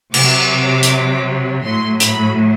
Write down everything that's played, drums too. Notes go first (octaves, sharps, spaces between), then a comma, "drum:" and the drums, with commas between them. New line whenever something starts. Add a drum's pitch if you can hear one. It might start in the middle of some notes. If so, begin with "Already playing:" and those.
C3 F#3 D6, drum: cymbal
drum: hi-hat
A2 F#3 C6
B5, drum: hi-hat